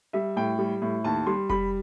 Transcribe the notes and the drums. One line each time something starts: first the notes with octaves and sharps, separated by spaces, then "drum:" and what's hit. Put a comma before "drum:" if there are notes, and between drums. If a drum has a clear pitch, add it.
G3 E5
A2 G5
G3
A2
D#2 A5
G3 C6
G3 B5, drum: kick F1